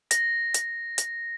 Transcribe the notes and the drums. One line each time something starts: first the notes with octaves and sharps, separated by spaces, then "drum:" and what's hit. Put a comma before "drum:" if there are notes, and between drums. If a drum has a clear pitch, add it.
A#6, drum: hi-hat
drum: hi-hat
drum: hi-hat